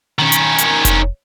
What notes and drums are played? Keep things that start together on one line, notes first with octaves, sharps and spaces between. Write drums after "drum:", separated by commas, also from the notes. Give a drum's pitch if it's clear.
D#3 C#4
drum: hi-hat
drum: hi-hat
drum: kick F1, hi-hat